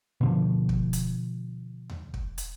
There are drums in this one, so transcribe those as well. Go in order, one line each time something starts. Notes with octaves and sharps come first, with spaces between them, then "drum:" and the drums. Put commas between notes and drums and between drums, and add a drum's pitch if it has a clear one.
B2 D3 F3
drum: kick
drum: hi-hat
drum: tom D#2
drum: kick
drum: hi-hat